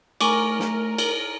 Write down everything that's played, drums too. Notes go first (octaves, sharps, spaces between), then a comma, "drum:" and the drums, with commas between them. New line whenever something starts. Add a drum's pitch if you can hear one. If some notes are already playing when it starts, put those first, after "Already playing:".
A3 A#4 G#5 C#6 D6, drum: cymbal
drum: snare
drum: cymbal